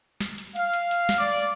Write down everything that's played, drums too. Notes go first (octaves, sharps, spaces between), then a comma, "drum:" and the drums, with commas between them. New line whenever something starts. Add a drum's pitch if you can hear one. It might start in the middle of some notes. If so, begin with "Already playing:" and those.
drum: snare
drum: hi-hat
F5, drum: hi-hat
drum: hi-hat
drum: hi-hat
drum: snare
D5